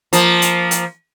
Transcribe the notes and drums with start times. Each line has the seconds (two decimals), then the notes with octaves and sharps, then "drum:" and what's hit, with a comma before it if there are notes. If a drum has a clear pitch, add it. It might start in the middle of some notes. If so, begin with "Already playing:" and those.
0.13 F3 A#3, drum: hi-hat
0.42 drum: hi-hat
0.71 drum: hi-hat